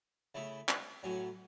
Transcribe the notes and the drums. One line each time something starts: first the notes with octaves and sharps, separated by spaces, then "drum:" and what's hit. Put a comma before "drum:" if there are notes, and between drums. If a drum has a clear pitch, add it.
C#3 A3 E4 A4
drum: clap
A2 F#3 C#4 A4